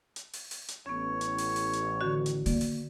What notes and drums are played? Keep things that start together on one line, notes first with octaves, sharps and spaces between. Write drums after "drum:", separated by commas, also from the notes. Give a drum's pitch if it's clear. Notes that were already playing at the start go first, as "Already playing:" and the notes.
drum: hi-hat
drum: open hi-hat
drum: open hi-hat
drum: hi-hat
A1 B3 C#4 C#5
drum: hi-hat
drum: open hi-hat
drum: open hi-hat
drum: hi-hat
D3 D#3 F#4
drum: hi-hat
A#3 D5, drum: open hi-hat
drum: open hi-hat